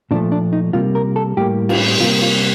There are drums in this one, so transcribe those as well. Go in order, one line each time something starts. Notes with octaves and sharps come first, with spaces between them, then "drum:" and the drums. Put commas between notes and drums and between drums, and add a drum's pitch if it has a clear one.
A#2 F3 A3 D4
D4
D#4
C3 G3 A#3 F4
A#4
A4
A2 G3 A#3 G4
F4, drum: cymbal
C3 G3 A#3 F4
F4